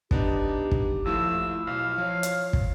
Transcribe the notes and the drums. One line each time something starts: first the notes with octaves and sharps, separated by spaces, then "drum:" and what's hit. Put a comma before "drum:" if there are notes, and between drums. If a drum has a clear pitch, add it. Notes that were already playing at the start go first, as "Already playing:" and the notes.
B3 D4 D#4 G4, drum: kick
drum: kick
D#2 F3 A3 E4 E6
B1 F5
F3 C#5
drum: hi-hat
drum: kick